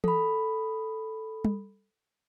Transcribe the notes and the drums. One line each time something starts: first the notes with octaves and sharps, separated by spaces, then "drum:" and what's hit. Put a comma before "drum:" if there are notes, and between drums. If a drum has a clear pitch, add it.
A4 B5, drum: tom E3
drum: tom G3